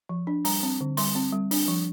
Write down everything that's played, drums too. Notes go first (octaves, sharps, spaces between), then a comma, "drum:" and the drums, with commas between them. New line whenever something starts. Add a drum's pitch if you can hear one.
F3
D4
G3 A#5, drum: open hi-hat
C4
D3
G3 C6, drum: open hi-hat
C4
G3
D4, drum: open hi-hat
F3